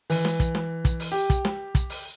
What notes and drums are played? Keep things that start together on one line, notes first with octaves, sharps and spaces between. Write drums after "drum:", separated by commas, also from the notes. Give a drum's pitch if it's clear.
E3, drum: open hi-hat
drum: snare
drum: kick, hi-hat
drum: snare
drum: kick, hi-hat
drum: open hi-hat
G4
drum: kick, hi-hat
drum: snare
drum: kick, hi-hat
drum: open hi-hat